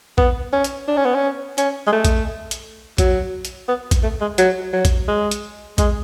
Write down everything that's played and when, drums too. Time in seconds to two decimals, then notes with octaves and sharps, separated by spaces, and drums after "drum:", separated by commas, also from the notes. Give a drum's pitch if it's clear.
0.18 B3, drum: kick
0.53 C#4
0.64 drum: hi-hat
0.88 D4
0.97 C#4
1.05 B3
1.15 C#4
1.58 C#4, drum: hi-hat
1.87 G#3
1.93 A3
2.05 drum: kick, hi-hat
2.51 drum: hi-hat
2.98 F#3, drum: kick, hi-hat
3.45 drum: hi-hat
3.68 B3
3.91 drum: kick, hi-hat
4.03 A3
4.21 G#3
4.38 F#3, drum: hi-hat
4.73 F#3
4.85 drum: kick, hi-hat
5.08 G#3
5.31 drum: hi-hat
5.78 G#3, drum: kick, hi-hat